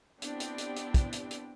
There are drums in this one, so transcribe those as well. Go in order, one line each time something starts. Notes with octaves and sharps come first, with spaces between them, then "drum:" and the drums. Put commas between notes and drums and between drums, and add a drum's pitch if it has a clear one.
B3 C4 D4 E4 G4 G5, drum: hi-hat
drum: hi-hat
drum: hi-hat
drum: hi-hat
drum: kick, hi-hat
drum: hi-hat
drum: hi-hat